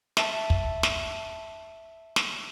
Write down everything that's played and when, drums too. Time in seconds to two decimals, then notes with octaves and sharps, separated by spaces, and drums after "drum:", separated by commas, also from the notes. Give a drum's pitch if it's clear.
0.17 E5 A5, drum: snare
0.50 drum: kick
0.83 drum: snare
2.16 drum: snare